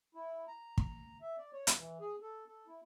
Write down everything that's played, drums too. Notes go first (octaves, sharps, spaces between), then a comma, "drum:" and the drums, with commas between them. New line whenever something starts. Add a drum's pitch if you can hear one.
E4
A#5
drum: kick
E5
D5
C#5
drum: hi-hat
E3
G#4
A4
A4
E4